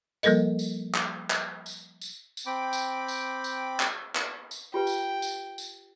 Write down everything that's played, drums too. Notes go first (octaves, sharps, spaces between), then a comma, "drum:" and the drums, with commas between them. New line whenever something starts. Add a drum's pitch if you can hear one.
F3 G3 A#3 A4 A#4 D#5, drum: tambourine
drum: tambourine
drum: clap
drum: clap
drum: tambourine
drum: tambourine
drum: tambourine
C4 G5 B5 D6
drum: tambourine
drum: tambourine
drum: tambourine
drum: clap
drum: clap
drum: tambourine
F4 G4 B4 G5
drum: tambourine
drum: tambourine
drum: tambourine